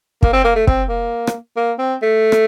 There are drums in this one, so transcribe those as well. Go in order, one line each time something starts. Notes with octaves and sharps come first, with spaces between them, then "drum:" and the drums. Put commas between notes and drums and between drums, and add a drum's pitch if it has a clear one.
A#3, drum: kick
C4
A#3
A3
C4, drum: kick
A#3
drum: rim click
A#3
C4
A3
drum: rim click